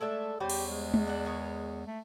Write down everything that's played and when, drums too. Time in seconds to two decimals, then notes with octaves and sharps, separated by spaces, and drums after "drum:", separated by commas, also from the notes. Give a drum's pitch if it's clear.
0.01 G#3 A3 A4 D5 E5
0.40 E2 G3 C#4 G4 C5
0.50 drum: cymbal
0.71 G#3
0.94 drum: tom G#3
1.07 D4 F#5
1.25 D#3 B3 C#5
1.87 A3